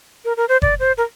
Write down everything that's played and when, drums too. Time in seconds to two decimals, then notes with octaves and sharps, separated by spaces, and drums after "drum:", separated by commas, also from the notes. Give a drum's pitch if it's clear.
0.25 A#4
0.37 A#4
0.49 C5
0.62 D5, drum: kick F#1
0.80 C5
0.97 A#4